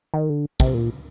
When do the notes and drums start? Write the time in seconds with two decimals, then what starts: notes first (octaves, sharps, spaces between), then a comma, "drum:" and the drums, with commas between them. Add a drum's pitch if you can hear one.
0.14 D#3
0.30 D3
0.60 C3, drum: kick
0.74 A#2